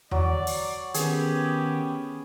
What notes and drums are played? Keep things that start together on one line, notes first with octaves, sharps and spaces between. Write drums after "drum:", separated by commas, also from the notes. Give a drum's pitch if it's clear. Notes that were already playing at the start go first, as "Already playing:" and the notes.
F#3 D5, drum: tom E2
drum: open hi-hat
D#3 B3 C#4 G4 G#4, drum: hi-hat